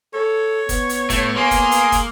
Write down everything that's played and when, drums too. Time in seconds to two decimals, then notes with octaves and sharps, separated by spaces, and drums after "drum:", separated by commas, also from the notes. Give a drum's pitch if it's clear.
0.14 A4 C#5
0.69 B3, drum: kick, hi-hat
0.89 drum: hi-hat
1.10 A2 A3, drum: kick, hi-hat
1.36 A#3 G#4 C6 D#6
1.51 drum: kick, hi-hat
1.72 drum: hi-hat
1.92 drum: kick, hi-hat